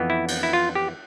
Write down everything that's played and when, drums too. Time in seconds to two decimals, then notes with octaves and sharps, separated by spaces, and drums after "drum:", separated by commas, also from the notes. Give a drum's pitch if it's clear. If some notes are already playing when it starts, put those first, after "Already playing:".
Already playing: F2 E3 B3
0.10 E4
0.28 drum: cymbal
0.43 E4
0.53 F4
0.75 G4